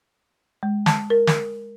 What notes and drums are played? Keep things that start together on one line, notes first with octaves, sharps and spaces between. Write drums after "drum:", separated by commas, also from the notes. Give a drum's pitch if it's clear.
G#3
A5, drum: snare
A#4
drum: snare